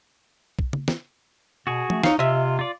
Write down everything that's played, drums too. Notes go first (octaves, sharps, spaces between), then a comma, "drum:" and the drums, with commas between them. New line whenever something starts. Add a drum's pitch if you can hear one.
drum: kick
drum: tom C#3
drum: snare
B2 F#4 G#4
A3, drum: tom F3
D#4 C#5 F5, drum: snare
C3 F4 D#5 E5
F4 D5